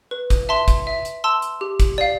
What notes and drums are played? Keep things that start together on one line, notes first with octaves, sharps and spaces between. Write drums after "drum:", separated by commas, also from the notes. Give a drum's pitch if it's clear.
B4
drum: kick, hi-hat
E5 A5 C6
drum: kick, hi-hat
E5
drum: hi-hat
A5 C6 E6
drum: hi-hat
G4
drum: kick, hi-hat
D5 F5